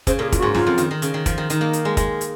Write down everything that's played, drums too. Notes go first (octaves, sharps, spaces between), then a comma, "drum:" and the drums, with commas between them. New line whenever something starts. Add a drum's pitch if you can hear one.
C#3 C5, drum: kick, hi-hat
A#2 G#4 A#4
F4, drum: kick, hi-hat
F#4
G#2
F#2 F4, drum: snare
F2
D#3, drum: hi-hat
D#3
C#3, drum: hi-hat
D#3
F3, drum: kick, hi-hat
D#3
D#3 D#4, drum: hi-hat
A#3
drum: hi-hat
G#3
G#3, drum: kick, hi-hat
drum: hi-hat